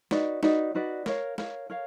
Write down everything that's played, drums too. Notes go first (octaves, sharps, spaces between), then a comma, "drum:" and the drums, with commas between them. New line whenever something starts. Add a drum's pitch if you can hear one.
D#4 F#4 B4 D5, drum: snare
D#4 F#4 B4 D5, drum: snare
D#4 F#4 B4 D5
A#4 C#5 F5, drum: snare
A#4 C#5 F5, drum: snare
A#4 C#5 F5